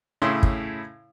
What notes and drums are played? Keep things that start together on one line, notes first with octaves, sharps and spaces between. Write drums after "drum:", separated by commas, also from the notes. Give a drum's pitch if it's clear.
A2 C#3 E4 C6
drum: kick